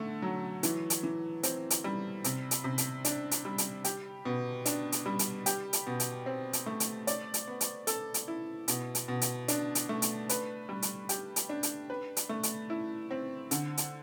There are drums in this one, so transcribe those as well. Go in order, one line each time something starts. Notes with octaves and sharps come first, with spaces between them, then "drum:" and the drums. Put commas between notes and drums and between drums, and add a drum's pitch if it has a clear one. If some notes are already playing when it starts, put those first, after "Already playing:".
Already playing: D3 A3
F#3
E3, drum: hi-hat
drum: hi-hat
E3
C4, drum: hi-hat
drum: hi-hat
G3
C3, drum: hi-hat
drum: hi-hat
C3
drum: hi-hat
D4, drum: hi-hat
drum: hi-hat
G3
drum: hi-hat
G4, drum: hi-hat
B2
D4, drum: hi-hat
drum: hi-hat
G3
drum: hi-hat
G4, drum: hi-hat
drum: hi-hat
B2
drum: hi-hat
C4
drum: hi-hat
A3
drum: hi-hat
D5, drum: hi-hat
drum: hi-hat
B3
drum: hi-hat
A4, drum: hi-hat
drum: hi-hat
E4
B2, drum: hi-hat
drum: hi-hat
B2
drum: hi-hat
D4, drum: hi-hat
drum: hi-hat
A3
drum: hi-hat
B4, drum: hi-hat
G3
drum: hi-hat
G4, drum: hi-hat
drum: hi-hat
D4
drum: hi-hat
B4
drum: hi-hat
A3
drum: hi-hat
E4
C4
D3, drum: hi-hat
drum: hi-hat